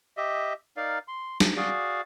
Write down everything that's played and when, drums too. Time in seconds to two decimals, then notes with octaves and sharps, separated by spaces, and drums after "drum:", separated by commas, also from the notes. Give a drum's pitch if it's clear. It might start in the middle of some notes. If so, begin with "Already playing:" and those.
0.17 G4 D#5 E5
0.77 D#4 A#4 D5 F5
1.08 C6
1.40 drum: snare
1.57 F#4 G#4 D5 F5